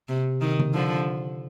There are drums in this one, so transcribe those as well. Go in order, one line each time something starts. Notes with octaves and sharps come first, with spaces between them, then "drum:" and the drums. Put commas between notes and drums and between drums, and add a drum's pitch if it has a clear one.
C3
D#3
drum: tom C#3
D3 F3